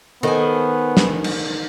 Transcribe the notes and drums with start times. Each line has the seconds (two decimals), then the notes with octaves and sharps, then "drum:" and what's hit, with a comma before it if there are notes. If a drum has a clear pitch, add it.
0.23 D#3 B3 A4 C5 G#5
0.97 drum: snare
1.24 drum: cymbal